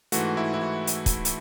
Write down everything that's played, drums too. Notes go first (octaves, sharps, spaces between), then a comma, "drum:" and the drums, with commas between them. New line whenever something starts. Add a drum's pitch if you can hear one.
G#2 E3 A3 F#4, drum: hi-hat
E4
E4
F#4
drum: hi-hat
drum: kick, hi-hat
drum: hi-hat